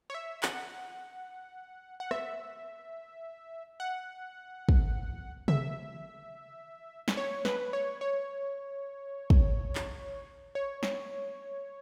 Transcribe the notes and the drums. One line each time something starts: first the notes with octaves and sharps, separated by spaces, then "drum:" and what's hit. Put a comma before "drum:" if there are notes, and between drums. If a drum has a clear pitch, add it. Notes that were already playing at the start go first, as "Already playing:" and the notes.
C#5
E5
F#5, drum: clap
F#5
E5, drum: rim click
F#5
drum: kick
E5, drum: tom C3
drum: snare
C#5
B4, drum: snare
C#5
C#5
drum: kick
drum: clap
C#5
drum: snare